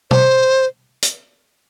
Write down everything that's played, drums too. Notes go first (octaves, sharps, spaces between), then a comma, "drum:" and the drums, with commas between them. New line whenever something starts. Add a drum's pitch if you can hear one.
C5, drum: tom
drum: hi-hat